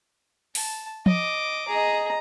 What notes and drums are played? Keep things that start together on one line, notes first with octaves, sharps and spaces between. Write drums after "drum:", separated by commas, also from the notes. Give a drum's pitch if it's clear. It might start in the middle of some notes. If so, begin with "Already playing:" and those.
A5, drum: open hi-hat
D#5 D6, drum: tom F3
G#4 D#5 A#5